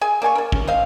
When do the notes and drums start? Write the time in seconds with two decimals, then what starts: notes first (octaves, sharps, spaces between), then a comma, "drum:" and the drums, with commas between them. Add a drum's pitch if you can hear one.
0.01 G#4 G#5
0.22 A#3 D5 G#5 C#6
0.35 A#4 D5
0.52 C#4, drum: kick
0.67 C5 D#5 F5